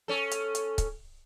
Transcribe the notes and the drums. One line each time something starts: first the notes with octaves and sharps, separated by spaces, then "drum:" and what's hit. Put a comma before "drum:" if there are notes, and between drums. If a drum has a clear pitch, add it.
C#4 A4
drum: hi-hat
drum: hi-hat
drum: kick C#1, hi-hat